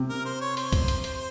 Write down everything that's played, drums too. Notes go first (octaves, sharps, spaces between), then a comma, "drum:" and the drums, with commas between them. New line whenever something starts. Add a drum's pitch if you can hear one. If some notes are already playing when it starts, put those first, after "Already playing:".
Already playing: C3
A#4
C5
C#5
C5, drum: hi-hat
drum: kick, hi-hat
drum: hi-hat
drum: hi-hat